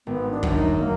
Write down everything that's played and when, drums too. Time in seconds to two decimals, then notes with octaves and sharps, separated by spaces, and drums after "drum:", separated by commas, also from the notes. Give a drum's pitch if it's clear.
0.07 G#1 B3
0.31 D4
0.43 F#2 D#3 F#3, drum: kick
0.55 D#4
0.71 G#3
0.78 A#3